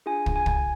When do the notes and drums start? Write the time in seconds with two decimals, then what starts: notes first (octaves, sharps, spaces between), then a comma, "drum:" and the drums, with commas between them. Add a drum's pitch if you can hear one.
0.06 D4 F4 G#4 G#5
0.26 drum: kick
0.36 G#5
0.46 drum: kick